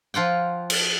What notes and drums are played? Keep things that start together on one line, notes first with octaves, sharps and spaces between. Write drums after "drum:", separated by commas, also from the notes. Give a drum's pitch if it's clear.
F3 F4 F#5 G5
drum: cymbal